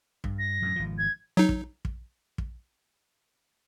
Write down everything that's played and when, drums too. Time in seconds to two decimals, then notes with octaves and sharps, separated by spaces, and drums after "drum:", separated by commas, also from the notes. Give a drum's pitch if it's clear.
0.24 G2, drum: kick
0.39 A#6
0.62 F#2 A2
0.76 G#1 F3
0.98 G#6
1.37 F#3 D#4
1.49 drum: kick
1.85 drum: kick
2.38 drum: kick